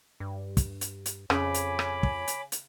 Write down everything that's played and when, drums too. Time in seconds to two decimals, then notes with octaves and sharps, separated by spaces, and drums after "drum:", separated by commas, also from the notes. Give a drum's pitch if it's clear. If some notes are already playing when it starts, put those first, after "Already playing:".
0.20 G2
0.57 drum: kick, hi-hat
0.81 drum: hi-hat
1.06 drum: hi-hat
1.30 F2 C#3 C#5 G#5 B5 D6, drum: rim click
1.54 drum: hi-hat
1.79 drum: rim click
2.03 drum: kick
2.28 drum: hi-hat
2.52 drum: hi-hat